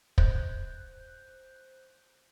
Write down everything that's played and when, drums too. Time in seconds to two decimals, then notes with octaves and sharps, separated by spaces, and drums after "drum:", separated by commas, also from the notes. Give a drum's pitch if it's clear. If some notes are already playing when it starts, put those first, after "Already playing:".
0.18 C5 F#6 G6, drum: kick